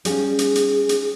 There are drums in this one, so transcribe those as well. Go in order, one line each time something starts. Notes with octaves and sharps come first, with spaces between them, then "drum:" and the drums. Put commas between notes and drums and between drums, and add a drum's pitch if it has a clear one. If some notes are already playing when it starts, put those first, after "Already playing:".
G3 C#4 G#4 F5, drum: hi-hat
drum: hi-hat
drum: hi-hat
drum: hi-hat